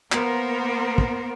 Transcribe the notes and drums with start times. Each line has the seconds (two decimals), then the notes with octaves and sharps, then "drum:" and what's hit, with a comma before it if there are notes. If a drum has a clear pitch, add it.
0.12 A#3 B3 A#4 C5, drum: clap
0.98 drum: kick